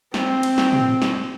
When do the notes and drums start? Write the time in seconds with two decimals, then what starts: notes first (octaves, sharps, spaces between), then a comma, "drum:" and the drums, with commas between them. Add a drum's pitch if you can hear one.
0.14 C4, drum: snare
0.43 drum: cymbal
0.58 drum: snare
0.72 drum: tom
1.02 drum: snare